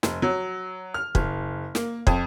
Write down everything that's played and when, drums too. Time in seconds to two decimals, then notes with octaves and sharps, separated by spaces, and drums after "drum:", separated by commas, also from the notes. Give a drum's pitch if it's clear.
0.03 F1, drum: snare
0.22 F#3
0.94 F6
1.15 F#1, drum: kick
1.75 A#3, drum: snare
2.07 F2, drum: kick